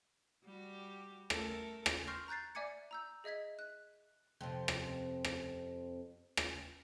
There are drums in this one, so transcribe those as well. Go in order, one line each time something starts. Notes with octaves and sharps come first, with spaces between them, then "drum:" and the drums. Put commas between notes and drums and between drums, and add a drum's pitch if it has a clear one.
G3 F#4 G4
A3 A4 A#4, drum: rim click
drum: rim click
C6 C#6 F6 G6 A#6 C7
A#5 F#6 G6 A6 C7
D5 E5 G#5 D6 G#6 C#7
A#5 E6 G6
G#4 D#5 E5 G#6 B6
F#6
F2 C3
drum: rim click
drum: rim click
drum: rim click